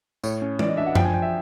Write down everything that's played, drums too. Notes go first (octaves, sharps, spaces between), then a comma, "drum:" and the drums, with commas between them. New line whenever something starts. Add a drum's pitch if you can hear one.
A2 C#5, drum: tambourine
C#4
E3 D5, drum: tom G#3
D#5
D4 E5
F#5
F3 G5, drum: tom F#2
G#5
F3 G5
E5